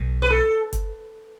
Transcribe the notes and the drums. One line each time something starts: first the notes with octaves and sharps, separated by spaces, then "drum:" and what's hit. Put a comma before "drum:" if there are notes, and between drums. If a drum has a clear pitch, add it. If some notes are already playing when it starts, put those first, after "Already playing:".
Already playing: B1 B2
B4
A4
drum: kick F#1, hi-hat